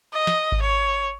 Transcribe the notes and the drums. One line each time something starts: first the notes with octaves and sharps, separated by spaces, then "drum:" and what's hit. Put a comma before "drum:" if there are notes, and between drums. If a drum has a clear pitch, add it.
D#5
drum: snare
drum: kick G#1
C#5